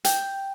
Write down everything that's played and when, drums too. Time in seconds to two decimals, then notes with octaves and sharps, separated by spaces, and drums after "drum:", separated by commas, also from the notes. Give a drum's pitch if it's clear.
0.05 G5, drum: hi-hat